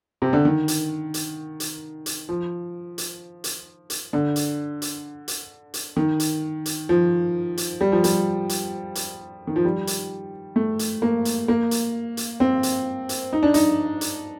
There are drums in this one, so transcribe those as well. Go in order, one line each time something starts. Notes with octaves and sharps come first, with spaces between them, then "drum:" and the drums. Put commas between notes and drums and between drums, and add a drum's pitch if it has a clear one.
C3
D3
D#3
drum: hi-hat
drum: hi-hat
drum: hi-hat
drum: hi-hat
F3
drum: hi-hat
drum: hi-hat
drum: hi-hat
D3
drum: hi-hat
drum: hi-hat
drum: hi-hat
drum: hi-hat
D#3
drum: hi-hat
drum: hi-hat
F3
drum: hi-hat
G3
F3
G3, drum: hi-hat
drum: hi-hat
drum: hi-hat
D#3
F3
G3
drum: hi-hat
A3
drum: hi-hat
A#3
drum: hi-hat
A#3
drum: hi-hat
drum: hi-hat
C4
drum: hi-hat
drum: hi-hat
D#4
D4
D#4, drum: hi-hat
drum: hi-hat